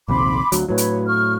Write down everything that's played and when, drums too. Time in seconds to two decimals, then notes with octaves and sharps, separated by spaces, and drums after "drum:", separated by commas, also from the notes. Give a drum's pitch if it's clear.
0.08 A#1 D#2 C3 B5 C6 D6
0.52 D2 F#3, drum: hi-hat
0.69 A2 F#3 B4 C#5
0.78 drum: hi-hat
1.07 C#6 F6